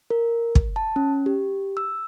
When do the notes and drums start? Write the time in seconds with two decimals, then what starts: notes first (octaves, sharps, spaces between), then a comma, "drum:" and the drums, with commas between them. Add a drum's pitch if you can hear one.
0.10 A#4
0.55 drum: kick
0.76 A5
0.96 C#4
1.26 G4
1.77 E6